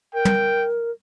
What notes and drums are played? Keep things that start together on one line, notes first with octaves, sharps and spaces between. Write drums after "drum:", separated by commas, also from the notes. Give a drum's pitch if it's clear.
A#4 G5
drum: tom